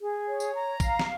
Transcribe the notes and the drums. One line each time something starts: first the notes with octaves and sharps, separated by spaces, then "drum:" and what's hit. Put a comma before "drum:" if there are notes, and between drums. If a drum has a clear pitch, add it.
G#4
C#5
drum: tambourine
A#5
F5, drum: kick, tambourine
drum: snare